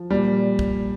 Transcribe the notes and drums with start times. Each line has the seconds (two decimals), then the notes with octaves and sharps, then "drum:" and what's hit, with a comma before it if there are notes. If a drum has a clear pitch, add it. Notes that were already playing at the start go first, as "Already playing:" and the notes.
Already playing: F3
0.10 A#2 G3
0.59 drum: kick